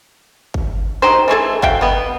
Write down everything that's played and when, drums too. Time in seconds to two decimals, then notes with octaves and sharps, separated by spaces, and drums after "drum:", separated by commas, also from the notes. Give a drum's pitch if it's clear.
0.54 drum: kick
1.02 F#3 D#4 G4 C5
1.28 E3 A3 G#4 A4
1.62 F#4 E5 F5 G5, drum: kick
1.81 B2 B3